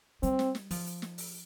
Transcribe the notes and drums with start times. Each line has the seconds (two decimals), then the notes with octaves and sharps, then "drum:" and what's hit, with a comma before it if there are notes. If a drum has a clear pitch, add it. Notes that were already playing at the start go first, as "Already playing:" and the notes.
0.23 G3 C4, drum: hi-hat
0.39 drum: snare
0.55 drum: snare
0.71 F3, drum: open hi-hat
0.86 drum: hi-hat
1.02 drum: snare
1.18 drum: open hi-hat